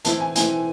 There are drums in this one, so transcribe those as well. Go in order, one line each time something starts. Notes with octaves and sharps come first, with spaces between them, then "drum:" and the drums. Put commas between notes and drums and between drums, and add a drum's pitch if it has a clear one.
E3 C4 E4 A5, drum: hi-hat
G#5
E3 C4 E4 G#5, drum: hi-hat